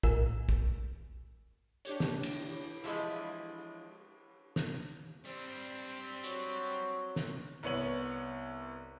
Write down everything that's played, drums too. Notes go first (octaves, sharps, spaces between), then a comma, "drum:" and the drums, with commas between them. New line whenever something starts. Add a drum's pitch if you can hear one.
A2 F4 A#4 G#5 E6 E7, drum: kick
drum: kick
D4 G4 C#5, drum: hi-hat
drum: snare
drum: cymbal
E3 F3 G#3 E5 F5 B5
drum: snare
G3 C4 D4 C5
F#3 F#4, drum: hi-hat
drum: snare
C2 B3 C#5 F#7